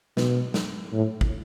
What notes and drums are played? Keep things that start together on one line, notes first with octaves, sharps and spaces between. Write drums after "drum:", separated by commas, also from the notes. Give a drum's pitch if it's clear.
B2, drum: snare
drum: snare
A2
drum: kick